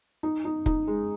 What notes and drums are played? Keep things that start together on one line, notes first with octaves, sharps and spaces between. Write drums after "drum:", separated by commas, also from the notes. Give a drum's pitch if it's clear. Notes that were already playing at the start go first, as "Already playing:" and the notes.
D#4
D#4
D#4, drum: kick F1
G#3